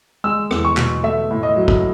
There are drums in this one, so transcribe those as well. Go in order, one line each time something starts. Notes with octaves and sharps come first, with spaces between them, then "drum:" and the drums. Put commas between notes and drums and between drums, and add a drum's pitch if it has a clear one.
G#3 E6
E2, drum: rim click
C#6
B2, drum: clap
A3 E5
A2
D#5
F#3
drum: kick A#1